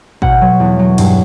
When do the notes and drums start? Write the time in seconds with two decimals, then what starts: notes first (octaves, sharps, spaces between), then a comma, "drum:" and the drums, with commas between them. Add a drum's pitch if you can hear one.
0.22 B2 F#5, drum: kick
0.41 F#3
0.60 E2
0.79 F#3
0.98 G2, drum: cymbal